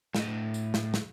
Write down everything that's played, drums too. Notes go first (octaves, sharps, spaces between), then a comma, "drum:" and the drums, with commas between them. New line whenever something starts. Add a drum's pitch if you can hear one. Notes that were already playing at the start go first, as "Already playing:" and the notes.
A2 D#5, drum: snare
drum: tambourine
drum: snare
drum: snare